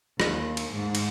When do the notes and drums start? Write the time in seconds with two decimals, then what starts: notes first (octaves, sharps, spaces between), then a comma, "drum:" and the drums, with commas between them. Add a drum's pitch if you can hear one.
0.20 D#2, drum: rim click
0.57 drum: cymbal
0.72 G#2
0.95 drum: cymbal